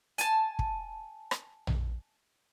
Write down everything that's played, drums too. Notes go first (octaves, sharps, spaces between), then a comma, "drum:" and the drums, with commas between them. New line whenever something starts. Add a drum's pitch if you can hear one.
G#5 A5, drum: hi-hat
drum: kick
drum: rim click
drum: tom A#1